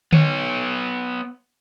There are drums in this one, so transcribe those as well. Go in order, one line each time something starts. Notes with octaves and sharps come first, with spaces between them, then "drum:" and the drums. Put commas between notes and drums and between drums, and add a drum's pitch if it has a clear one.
B3 C#5, drum: tom D3